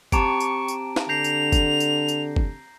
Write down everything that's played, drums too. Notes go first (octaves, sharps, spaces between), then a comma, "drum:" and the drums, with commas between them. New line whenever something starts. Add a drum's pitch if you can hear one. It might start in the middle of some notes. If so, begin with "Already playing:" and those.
C4 G4 A5 A#5 C#6 D7, drum: kick, tambourine
drum: tambourine
drum: tambourine
drum: snare
D3 G6 A#6 C7 F7
drum: tambourine
drum: kick, tambourine
drum: tambourine
drum: tambourine
drum: kick